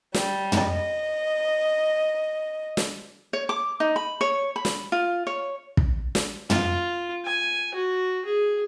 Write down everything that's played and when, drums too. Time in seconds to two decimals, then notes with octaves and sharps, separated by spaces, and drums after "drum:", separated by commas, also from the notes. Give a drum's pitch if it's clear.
0.14 G3, drum: snare
0.52 drum: tom
0.64 D#5
2.77 drum: snare
3.33 C#5
3.49 D6
3.80 D#4
3.96 B5
4.21 C#5
4.56 B5
4.65 drum: snare
4.92 F4
5.27 C#5
5.77 drum: kick
6.15 drum: snare
6.50 F4, drum: tom
7.25 G#5
7.74 F#4
8.25 G#4